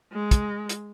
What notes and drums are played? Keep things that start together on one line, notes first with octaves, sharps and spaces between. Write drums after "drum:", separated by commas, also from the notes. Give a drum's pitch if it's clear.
G#3
drum: kick, hi-hat
drum: hi-hat